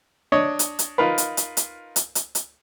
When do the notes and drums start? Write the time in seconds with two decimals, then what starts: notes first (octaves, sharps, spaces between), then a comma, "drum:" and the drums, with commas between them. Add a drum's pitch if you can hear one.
0.32 D4 C#5 D#5
0.59 drum: hi-hat
0.79 drum: hi-hat
0.98 D#4 F4 A#4 B4
1.18 drum: hi-hat
1.37 drum: hi-hat
1.57 drum: hi-hat
1.96 drum: hi-hat
2.15 drum: hi-hat
2.35 drum: hi-hat